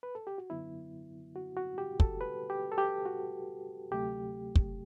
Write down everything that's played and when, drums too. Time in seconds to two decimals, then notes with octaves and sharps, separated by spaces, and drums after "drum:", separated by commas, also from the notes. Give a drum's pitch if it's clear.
0.03 B4
0.15 A4
0.27 G4
0.38 F#4
0.50 F#2 D3 F#3 B3 E4
1.36 F#4
1.57 F#4
1.78 G4
2.00 A4, drum: kick
2.21 B4
2.50 G4
2.72 A4
2.78 G4
3.06 F#4
3.91 D2 C3 F#3 A3 G4
4.56 drum: kick